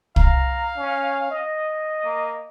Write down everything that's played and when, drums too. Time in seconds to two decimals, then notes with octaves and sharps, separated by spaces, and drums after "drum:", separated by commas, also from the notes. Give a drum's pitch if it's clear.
0.16 F5 A#5, drum: kick
0.76 C#4
1.31 D#5
2.05 A#3